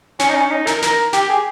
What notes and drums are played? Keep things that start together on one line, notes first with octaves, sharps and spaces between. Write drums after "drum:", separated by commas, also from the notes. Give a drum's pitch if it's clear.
C#4, drum: snare
D#4
C#4
D#4
A#4, drum: snare
A#4, drum: snare
G4, drum: snare
G#4